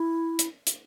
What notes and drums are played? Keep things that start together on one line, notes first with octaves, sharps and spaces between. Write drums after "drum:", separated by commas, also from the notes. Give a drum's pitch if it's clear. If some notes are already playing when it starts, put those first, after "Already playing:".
Already playing: E4
drum: hi-hat
drum: hi-hat